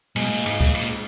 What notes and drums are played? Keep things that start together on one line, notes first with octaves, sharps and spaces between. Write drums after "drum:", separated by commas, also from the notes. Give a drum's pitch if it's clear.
B2 G#3, drum: cymbal
A#2
G#2, drum: cymbal
A#2, drum: kick C#2
A#2, drum: cymbal